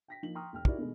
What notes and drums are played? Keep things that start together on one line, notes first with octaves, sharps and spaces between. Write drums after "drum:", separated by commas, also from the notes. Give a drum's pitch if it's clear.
G5 A#6 B6
F3 A#3 D#4 F#7
G5 A#5 C6 C#6 D#6 F6
E1 G5 F6
D#4 E4 F#4 G4 A#4 D5, drum: kick
B2 D#3 G#3 A3 B3